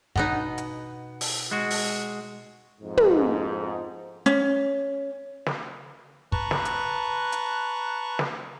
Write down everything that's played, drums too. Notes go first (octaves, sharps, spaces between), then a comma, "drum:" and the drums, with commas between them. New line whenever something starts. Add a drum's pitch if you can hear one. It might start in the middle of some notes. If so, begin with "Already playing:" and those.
B2 B3 D#4 F#5, drum: kick
drum: hi-hat
drum: open hi-hat
G#3 F#4
drum: open hi-hat
F2 G#2
drum: tom
C#4, drum: hi-hat
drum: snare
B4 A5 A#5 C#6 F#6, drum: kick
drum: snare
drum: hi-hat
drum: hi-hat
drum: snare